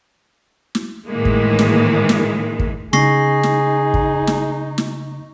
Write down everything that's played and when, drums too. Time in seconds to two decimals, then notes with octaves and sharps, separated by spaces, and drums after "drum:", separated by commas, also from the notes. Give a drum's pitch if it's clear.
0.75 drum: snare
1.09 A2 D#3 E3 G#3 A#3
1.25 drum: kick
1.59 drum: snare
2.09 drum: snare
2.59 drum: kick
2.93 C#3 D#4 G#4 C#6 A#6 C7, drum: snare
3.43 drum: snare
3.94 drum: kick
4.27 drum: snare
4.78 drum: snare